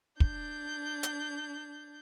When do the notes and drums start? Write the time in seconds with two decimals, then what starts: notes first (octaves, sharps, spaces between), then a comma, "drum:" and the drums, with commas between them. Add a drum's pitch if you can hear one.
0.20 D4 G6, drum: kick
1.03 drum: hi-hat